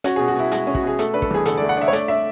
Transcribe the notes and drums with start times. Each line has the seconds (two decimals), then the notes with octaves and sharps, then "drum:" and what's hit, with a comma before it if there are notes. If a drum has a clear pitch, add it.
0.04 C#4 F#4, drum: hi-hat
0.16 B2 G#4
0.28 F#4
0.35 B2 E4
0.52 G#3 F#4, drum: hi-hat
0.67 C#4
0.74 F#4, drum: kick
0.82 B2 G#4
0.99 A3 A4, drum: hi-hat
1.14 D4 B4
1.22 A4, drum: kick
1.31 E2 G#4
1.46 D3 A4, drum: hi-hat
1.57 A3 D5
1.69 F#5
1.77 D4 E5
1.88 C#5
1.93 A3 D5, drum: hi-hat
2.08 D4 E5